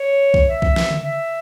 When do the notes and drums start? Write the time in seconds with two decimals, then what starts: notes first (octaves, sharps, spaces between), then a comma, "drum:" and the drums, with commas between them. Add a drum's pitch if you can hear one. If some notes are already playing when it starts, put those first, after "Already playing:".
Already playing: C#5
0.34 drum: kick B1
0.48 E5
0.62 drum: kick B1
0.76 drum: snare
0.91 drum: tom C#3
1.04 E5